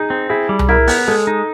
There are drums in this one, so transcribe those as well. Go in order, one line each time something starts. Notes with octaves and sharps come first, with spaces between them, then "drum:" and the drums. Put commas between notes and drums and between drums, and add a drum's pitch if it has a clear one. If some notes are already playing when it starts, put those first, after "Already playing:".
Already playing: D#4 G#4
C4
E4 G#4
G3
drum: tom C2
E4 A#4
B3, drum: open hi-hat
G#3 A4
D#4